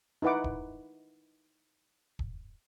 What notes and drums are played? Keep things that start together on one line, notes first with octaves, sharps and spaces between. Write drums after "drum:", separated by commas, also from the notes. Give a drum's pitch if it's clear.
D#4 E4 B4 F#5 D6
drum: kick
drum: kick